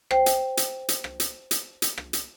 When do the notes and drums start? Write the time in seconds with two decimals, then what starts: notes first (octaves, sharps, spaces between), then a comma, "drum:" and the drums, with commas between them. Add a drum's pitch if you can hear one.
0.11 C5 G5, drum: rim click
0.26 drum: hi-hat
0.57 drum: hi-hat
0.88 drum: hi-hat
1.04 drum: rim click
1.20 drum: hi-hat
1.51 drum: hi-hat
1.82 drum: hi-hat
1.98 drum: rim click
2.13 drum: hi-hat